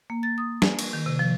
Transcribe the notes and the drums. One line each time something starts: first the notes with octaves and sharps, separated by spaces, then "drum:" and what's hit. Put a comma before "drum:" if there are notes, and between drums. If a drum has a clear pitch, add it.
A#3
A6
D#6
G#5, drum: snare
drum: cymbal
D#3
C3
F3